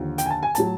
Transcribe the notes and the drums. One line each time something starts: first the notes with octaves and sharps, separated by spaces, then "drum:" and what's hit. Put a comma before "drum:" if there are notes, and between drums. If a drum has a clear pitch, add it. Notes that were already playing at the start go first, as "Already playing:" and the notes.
Already playing: D#2 D3 F3
G5, drum: hi-hat
G#5
A5
G#5
A2 F#3 A5, drum: hi-hat